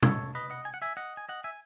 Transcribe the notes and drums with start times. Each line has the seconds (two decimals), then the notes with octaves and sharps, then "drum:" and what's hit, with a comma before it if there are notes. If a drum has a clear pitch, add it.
0.02 A4 C#5, drum: tom
0.35 B4 D#5
0.50 D#5 F#5
0.65 G#5
0.74 F#5
0.82 E5 G#5
0.97 D#5 F#5
1.17 G#5
1.29 D#5 F#5
1.44 E5 G#5